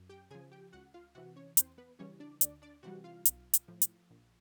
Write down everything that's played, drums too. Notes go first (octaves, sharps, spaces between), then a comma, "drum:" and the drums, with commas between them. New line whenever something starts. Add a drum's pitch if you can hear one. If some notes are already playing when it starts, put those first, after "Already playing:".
Already playing: F#2
G4 G5
C#3 F3 G#4 G#5
G4 G5
C#2 F#4 F#5
F4 F5
C3 E3 F#4 F#5
C#4 C#5
E2 C4 C5, drum: hi-hat
B3 B4
C#3 E3 G3 C#4 C#5
D4 D5
D2 D4 D5, drum: hi-hat
D4 D5
C3 E3 G3 F#4 F#5
F4 F5
B1, drum: hi-hat
drum: hi-hat
A2 F3
drum: hi-hat
A#1